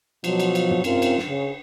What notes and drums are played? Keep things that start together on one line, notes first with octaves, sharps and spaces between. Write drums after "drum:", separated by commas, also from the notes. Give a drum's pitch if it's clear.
B2 F3 F#3, drum: cymbal
drum: cymbal
drum: cymbal
drum: tom
G#2 C3 C4 C#4 F4 A#4, drum: cymbal
drum: cymbal
drum: snare
C#3